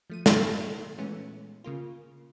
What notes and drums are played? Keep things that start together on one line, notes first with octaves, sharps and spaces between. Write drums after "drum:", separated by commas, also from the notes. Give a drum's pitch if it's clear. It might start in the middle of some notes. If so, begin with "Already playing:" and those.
F3 A3 D#7
A2 C5 A#5 F6, drum: snare
A#2 E3 G#3 A3 B3 C#4
C#3 A#3 F4